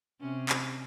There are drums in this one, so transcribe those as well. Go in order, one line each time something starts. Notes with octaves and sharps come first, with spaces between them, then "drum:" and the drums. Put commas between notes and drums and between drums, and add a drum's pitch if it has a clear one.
C3 C#4
drum: clap